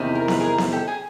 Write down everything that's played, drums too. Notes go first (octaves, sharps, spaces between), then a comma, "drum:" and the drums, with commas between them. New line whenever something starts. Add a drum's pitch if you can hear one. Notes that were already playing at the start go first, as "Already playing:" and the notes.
Already playing: E2 C3 D#3
A#4
B4, drum: snare B3
G#4 A#4
drum: snare B3
G4 A4
G#4